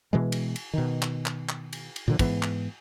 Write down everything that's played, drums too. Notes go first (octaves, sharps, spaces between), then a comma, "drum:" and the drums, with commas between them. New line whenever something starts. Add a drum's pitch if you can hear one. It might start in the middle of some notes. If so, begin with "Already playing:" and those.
B2 E3 G#3
drum: cymbal
drum: cymbal
B2 D#3
drum: clap
drum: clap
drum: clap
drum: cymbal
drum: cymbal
A#2 D3 F3
G#2 E3 B3, drum: kick, cymbal
drum: clap